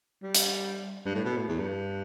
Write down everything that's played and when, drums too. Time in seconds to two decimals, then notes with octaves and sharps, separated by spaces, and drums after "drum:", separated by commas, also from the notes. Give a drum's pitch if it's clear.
0.22 G3
0.35 drum: hi-hat
1.06 G2
1.15 A2
1.25 B2
1.37 A2
1.48 E2
1.59 G2